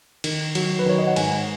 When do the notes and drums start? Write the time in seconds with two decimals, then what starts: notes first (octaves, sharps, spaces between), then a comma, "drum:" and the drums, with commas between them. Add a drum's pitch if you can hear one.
0.24 D#3, drum: cymbal
0.55 F#3, drum: cymbal
0.79 B4
0.86 D#3 C#5
0.99 D#5
1.07 F#5
1.16 G#2 G#5, drum: cymbal